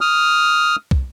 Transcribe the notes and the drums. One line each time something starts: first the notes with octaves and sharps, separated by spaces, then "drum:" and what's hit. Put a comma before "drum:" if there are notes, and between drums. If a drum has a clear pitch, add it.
D#6 F6
drum: kick